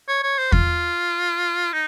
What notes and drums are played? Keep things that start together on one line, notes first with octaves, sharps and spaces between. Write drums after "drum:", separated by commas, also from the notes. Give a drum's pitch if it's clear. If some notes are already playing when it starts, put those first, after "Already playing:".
C#5
C#5
C5
F4, drum: kick E2
D#4